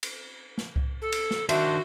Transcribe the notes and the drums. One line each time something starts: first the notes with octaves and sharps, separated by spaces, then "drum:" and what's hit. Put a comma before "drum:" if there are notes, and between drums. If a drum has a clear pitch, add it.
drum: cymbal
drum: snare
drum: kick C2
A4
drum: cymbal
drum: snare
D#3 D4 F#4 C5 E5, drum: cymbal